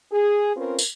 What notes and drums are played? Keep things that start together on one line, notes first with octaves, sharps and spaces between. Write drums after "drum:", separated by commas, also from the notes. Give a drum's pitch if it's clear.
G#4
C4 C#4 F4 A#4 B4
drum: tambourine